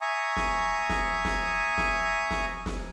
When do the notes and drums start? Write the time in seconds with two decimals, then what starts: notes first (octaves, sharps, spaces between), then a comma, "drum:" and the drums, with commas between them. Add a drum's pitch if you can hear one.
0.01 E5 G#5 A#5 C#6 D#6
0.37 drum: snare
0.89 drum: snare
1.25 drum: snare
1.78 drum: snare
2.31 drum: snare
2.66 drum: snare